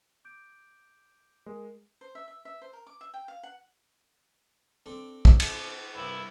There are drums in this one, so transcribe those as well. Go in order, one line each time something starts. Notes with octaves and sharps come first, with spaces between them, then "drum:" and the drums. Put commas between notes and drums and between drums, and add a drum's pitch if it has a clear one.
D6 G6 D7
G#3 A#4
C5
E5
E5
E5
C5
A#4
D6
E5
G5
F5
F#5
C4 D4 A4
drum: kick
drum: cymbal
C2 G2 E4